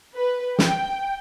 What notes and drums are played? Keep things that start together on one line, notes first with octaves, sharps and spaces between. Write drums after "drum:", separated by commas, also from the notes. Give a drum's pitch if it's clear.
B4
G5, drum: snare